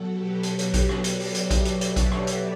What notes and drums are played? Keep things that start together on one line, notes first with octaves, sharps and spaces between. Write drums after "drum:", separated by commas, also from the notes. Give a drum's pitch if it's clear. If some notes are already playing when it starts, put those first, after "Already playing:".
Already playing: B2 F#3 F#4 A4
G4 B4
A4 C#5, drum: hi-hat
drum: hi-hat
A4 C#5, drum: kick A#1, hi-hat
drum: rim click
B4 D5, drum: hi-hat
drum: open hi-hat
C#5 E5, drum: hi-hat
drum: kick A#1, hi-hat
A4 C#5, drum: hi-hat
drum: hi-hat
drum: kick A#1, hi-hat
drum: rim click
drum: hi-hat